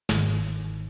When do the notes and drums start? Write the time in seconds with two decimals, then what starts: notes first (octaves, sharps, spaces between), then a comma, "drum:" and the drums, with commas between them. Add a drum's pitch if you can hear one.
0.09 G1 G#2 D#3, drum: snare